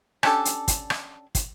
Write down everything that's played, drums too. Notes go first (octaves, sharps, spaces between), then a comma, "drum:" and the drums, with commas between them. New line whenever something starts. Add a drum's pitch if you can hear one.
C#4 D4 G4 A4, drum: rim click
drum: hi-hat
drum: kick, hi-hat
drum: rim click
drum: kick, hi-hat